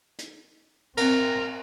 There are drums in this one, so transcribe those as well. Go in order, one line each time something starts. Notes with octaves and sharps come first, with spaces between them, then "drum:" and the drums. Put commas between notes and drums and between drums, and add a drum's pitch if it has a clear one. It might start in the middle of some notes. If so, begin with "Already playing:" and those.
drum: hi-hat
C4 A#4, drum: cymbal